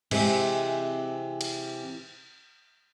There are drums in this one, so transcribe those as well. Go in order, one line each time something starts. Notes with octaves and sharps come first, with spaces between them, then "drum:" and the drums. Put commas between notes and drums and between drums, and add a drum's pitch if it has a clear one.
C3 E3 G#3 C4, drum: cymbal
drum: cymbal